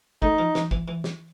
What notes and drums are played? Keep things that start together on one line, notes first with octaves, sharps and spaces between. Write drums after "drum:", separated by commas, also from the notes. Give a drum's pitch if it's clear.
A3 D#4, drum: kick
F3
E3, drum: snare
E3, drum: kick
E3
drum: snare